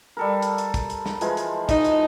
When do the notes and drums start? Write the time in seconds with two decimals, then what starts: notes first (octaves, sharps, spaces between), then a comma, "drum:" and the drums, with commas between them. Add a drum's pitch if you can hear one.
0.17 G3 A4 A#4
0.42 drum: hi-hat
0.58 drum: hi-hat
0.74 drum: kick, hi-hat
0.90 drum: hi-hat
1.06 drum: snare
1.21 E3 F3 G#3, drum: hi-hat
1.37 drum: hi-hat
1.69 D#4, drum: kick, hi-hat
1.85 drum: hi-hat